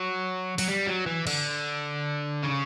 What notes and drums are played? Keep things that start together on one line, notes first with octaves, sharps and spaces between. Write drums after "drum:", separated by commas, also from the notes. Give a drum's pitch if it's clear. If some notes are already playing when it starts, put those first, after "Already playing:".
Already playing: F#3
F#3, drum: open hi-hat
G3
F#3
E3
D3, drum: cymbal
C#3